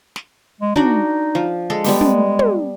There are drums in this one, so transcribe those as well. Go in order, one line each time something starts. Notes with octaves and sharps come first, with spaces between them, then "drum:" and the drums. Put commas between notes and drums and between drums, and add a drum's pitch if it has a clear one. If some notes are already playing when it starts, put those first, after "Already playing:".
drum: snare
G#3
D4 D#4 F#4 D5, drum: tom
F3
G#3 A4
G3 G#3 B3 G4, drum: open hi-hat
drum: tom
drum: tom